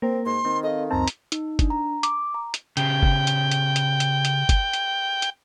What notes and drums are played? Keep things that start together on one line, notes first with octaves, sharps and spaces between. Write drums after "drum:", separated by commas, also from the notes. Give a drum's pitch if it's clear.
A#3 C4 A#4
G#2 C6
D#3 C4
A4 D#5 F5
C#2 F#2 C4 A5 A#5
drum: hi-hat
D#4, drum: hi-hat
D4, drum: kick F#1, hi-hat
A#5
D6, drum: hi-hat
A#5
drum: hi-hat
C#3 G4 G5, drum: hi-hat
drum: kick F#1
drum: hi-hat
drum: hi-hat
drum: hi-hat
drum: hi-hat
drum: hi-hat
drum: kick F#1, hi-hat
drum: hi-hat
drum: hi-hat